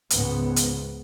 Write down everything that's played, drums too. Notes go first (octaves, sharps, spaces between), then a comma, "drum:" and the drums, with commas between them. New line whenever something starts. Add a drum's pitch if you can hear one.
C#2 G#2 B3, drum: hi-hat
drum: hi-hat